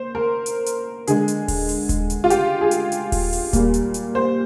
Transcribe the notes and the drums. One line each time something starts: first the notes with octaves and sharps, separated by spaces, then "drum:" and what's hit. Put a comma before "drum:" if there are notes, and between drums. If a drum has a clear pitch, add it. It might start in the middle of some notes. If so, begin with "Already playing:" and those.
Already playing: A#3 C5
A#4
drum: hi-hat
drum: hi-hat
D3 G#3 G#4, drum: hi-hat
drum: hi-hat
drum: kick D#1, open hi-hat
drum: open hi-hat
drum: kick D#1, hi-hat
drum: hi-hat
F4
G4, drum: hi-hat
G#4
drum: hi-hat
drum: hi-hat
drum: kick D#1, open hi-hat
drum: open hi-hat
A#2 G3 A#3, drum: kick D#1, hi-hat
drum: hi-hat
drum: hi-hat
C5